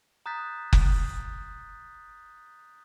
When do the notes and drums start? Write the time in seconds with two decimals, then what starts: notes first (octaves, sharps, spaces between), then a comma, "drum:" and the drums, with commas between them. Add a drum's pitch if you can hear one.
0.26 A#5 D#6 F#6 G6 A6 B6
0.73 drum: kick F#1